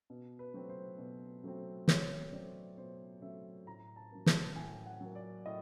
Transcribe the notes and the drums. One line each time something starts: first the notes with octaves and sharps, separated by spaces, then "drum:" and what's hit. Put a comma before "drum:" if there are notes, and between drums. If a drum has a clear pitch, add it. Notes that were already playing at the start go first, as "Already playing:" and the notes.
B2
B4
F#3 A3 C4
C5
B2
F#3 A3 C4
B2 C#5, drum: snare
F#3 A3 C4 D5
B2 C5
F#3 A3 C4 E5
A2 A#5
A5
F#3 A#3
A5, drum: snare
A2 G#5
F#5
F#3
A#3
D5
A2 D#5